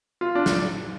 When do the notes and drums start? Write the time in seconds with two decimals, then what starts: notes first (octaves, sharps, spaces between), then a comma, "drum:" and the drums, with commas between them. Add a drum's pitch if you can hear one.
0.21 F4
0.35 D4
0.46 drum: snare